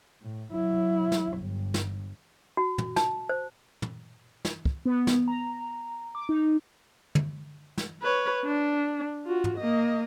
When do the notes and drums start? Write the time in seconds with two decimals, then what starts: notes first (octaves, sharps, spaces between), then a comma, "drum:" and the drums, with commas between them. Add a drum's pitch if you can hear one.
0.22 A2
0.52 F#3 E4
1.12 drum: snare
1.37 G1 G2
1.74 drum: snare
2.57 F#4
2.78 drum: tom
2.96 A5, drum: snare
3.29 C5
3.82 drum: tom
4.45 drum: snare
4.65 drum: kick
4.85 B3
5.07 drum: snare
5.28 A#5
6.15 D6
6.29 D#4
7.15 drum: tom
7.78 drum: snare
8.03 B4 C#5
8.45 D4
9.26 F4 F#4
9.44 drum: tom
9.58 A#3 D#5